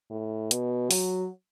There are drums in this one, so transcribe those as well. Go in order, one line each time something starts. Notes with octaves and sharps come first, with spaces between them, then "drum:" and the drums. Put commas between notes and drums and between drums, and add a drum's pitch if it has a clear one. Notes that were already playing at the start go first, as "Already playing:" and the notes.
A2
B2, drum: hi-hat
F#3, drum: open hi-hat